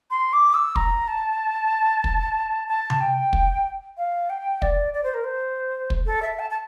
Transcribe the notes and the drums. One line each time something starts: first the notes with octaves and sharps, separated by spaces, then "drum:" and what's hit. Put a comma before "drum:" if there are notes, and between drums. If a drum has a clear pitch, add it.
C6
D6
E6
A#5, drum: kick
A5
drum: kick
A5
drum: tom C3
G5
drum: kick
F5
G5
D5, drum: kick
D5
C5
A#4
C5
drum: kick
A4
E5
A5
A5